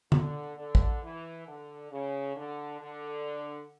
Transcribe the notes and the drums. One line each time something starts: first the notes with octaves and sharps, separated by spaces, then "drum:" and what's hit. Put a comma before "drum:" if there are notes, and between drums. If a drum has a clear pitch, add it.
D3, drum: tom D3
D3
drum: kick
E3
D3
C#3
D3
D3